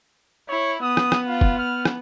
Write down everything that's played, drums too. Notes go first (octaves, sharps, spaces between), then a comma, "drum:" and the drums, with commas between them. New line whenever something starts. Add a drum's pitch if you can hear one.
E4 C#5
B3 D#6
drum: rim click
drum: rim click
F4
drum: kick
F6
drum: rim click